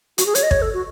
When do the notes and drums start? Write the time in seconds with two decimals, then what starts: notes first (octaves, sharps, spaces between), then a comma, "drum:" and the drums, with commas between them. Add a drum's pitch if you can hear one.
0.18 F#4, drum: hi-hat
0.26 G#4
0.35 C#5, drum: hi-hat
0.43 D#5
0.51 C#5, drum: kick
0.62 A4
0.73 F#4